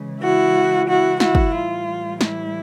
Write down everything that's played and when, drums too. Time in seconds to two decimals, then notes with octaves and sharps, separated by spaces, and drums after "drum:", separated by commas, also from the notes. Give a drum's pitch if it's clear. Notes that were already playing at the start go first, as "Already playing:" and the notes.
Already playing: C#3 E3 G#3
0.21 E4 F#4
0.88 E4 F#4
1.20 E4 F#4, drum: snare
1.35 drum: kick
1.54 A2 E3 G3 F4
2.21 E4, drum: snare